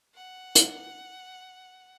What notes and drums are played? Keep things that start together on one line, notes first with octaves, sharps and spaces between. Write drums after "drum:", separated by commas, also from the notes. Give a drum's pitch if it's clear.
F#5
drum: hi-hat